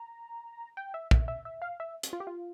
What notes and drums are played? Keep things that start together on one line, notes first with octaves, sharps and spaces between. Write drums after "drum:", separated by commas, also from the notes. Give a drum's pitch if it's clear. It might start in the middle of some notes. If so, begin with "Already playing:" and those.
Already playing: A#5
G5
E5
E5, drum: kick
E5
E5
F5
E5
drum: hi-hat
F4
G4
F4